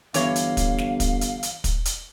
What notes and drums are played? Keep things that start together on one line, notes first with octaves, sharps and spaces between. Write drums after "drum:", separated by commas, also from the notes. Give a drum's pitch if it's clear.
G1 E3 C#5 F5, drum: hi-hat
drum: hi-hat
drum: kick, hi-hat
drum: snare
drum: kick, hi-hat
drum: hi-hat
drum: hi-hat
drum: kick, hi-hat
drum: hi-hat